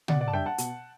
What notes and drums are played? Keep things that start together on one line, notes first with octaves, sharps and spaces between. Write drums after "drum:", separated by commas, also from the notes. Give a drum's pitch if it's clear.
B2 D5 F#5, drum: tom
D5 F#5
A5
G3 D4 E5 G5
F#5 A5
B2, drum: hi-hat